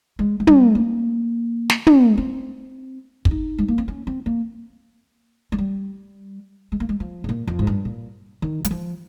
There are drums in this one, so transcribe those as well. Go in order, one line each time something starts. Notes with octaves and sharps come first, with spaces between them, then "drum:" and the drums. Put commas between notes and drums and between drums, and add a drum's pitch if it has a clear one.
G#3
G#3
G3, drum: tom
A#3
drum: snare
drum: tom
C4
C#4, drum: kick
D#4
G#3
A#3
C4
C#4
C4
A#3
G#3
G3
G#3
A#3
G#3
F3
G#2
A#2
F2
G#2
G2
A#2
D#3
G3, drum: hi-hat
F3